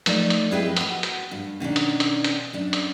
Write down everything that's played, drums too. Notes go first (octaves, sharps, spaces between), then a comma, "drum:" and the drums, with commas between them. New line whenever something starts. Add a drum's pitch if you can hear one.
F3 A3 D#4 D5, drum: hi-hat
drum: hi-hat
F2 E4 G#4 B4 D#5 G5
B3 F#4, drum: hi-hat
drum: hi-hat
G2
B2 D#3 C#4 D4
drum: hi-hat
drum: hi-hat
drum: hi-hat
F#2 D4
drum: hi-hat